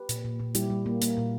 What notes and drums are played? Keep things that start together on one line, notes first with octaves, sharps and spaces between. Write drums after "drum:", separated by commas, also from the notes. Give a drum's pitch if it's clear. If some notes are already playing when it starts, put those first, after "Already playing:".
Already playing: G4 B4
A#2, drum: hi-hat
A#2
A#2
G3 E4 G4, drum: hi-hat
G3
A#3
A#3, drum: hi-hat
A#2